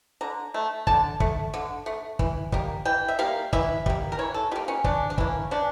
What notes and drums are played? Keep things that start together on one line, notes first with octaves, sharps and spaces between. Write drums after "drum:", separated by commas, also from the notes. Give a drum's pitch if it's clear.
D3 A#5
A3
D3 A5, drum: kick
A3, drum: kick
D3
A3
E3, drum: kick
G3 A#3, drum: kick
E3 G5
E5
G3 A#3 F5
E3 E5, drum: kick
G3 A#3, drum: kick
A#4
E3 C#5
A4
G3 A#3 F4
C#4
C#3 D4, drum: kick
D4
E3 A#3 C#4, drum: kick
C#3 D4